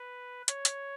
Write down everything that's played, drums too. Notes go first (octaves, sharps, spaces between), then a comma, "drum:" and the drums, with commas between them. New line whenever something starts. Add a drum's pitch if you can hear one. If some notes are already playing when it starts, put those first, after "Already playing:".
Already playing: B4
C#5, drum: hi-hat
drum: hi-hat